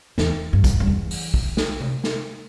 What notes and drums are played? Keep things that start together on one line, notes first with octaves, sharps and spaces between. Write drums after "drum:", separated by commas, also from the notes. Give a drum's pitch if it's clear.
E2, drum: snare
G2
drum: kick, hi-hat
G2
E2
drum: open hi-hat
drum: kick
drum: snare
drum: tom C3
drum: snare